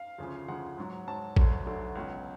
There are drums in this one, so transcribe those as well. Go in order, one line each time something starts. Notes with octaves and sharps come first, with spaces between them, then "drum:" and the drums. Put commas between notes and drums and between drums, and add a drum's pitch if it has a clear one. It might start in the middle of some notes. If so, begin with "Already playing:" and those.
Already playing: F5
D2 C#3 F3
D2 C#3 F3 F#5
G#2 F#3
G#2 F#3 A5
D2 D3 F#3, drum: kick A1
D2 D3 F#3
C#2 B2 F#3